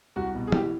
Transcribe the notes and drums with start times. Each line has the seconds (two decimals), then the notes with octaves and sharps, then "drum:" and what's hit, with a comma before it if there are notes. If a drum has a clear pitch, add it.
0.16 C2 F#4
0.35 B2
0.47 G#4
0.52 E3 G4, drum: tom